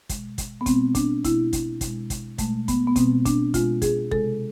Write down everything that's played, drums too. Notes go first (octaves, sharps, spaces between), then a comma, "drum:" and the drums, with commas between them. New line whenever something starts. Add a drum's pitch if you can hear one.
B2 G#3, drum: kick, hi-hat
drum: kick, hi-hat
B3
B2 G#3 C4, drum: kick, hi-hat
D4, drum: kick, hi-hat
B2 G#3 E4, drum: kick, hi-hat
drum: kick, hi-hat
B2, drum: kick, hi-hat
G#3
drum: kick, hi-hat
B2 G#3 A3, drum: kick, hi-hat
B3, drum: kick, hi-hat
B3
B2 G#3 C4, drum: kick, hi-hat
D4, drum: kick, hi-hat
B2 G#3 F4, drum: kick, hi-hat
G#4, drum: kick, hi-hat
C3 G#3 A4, drum: kick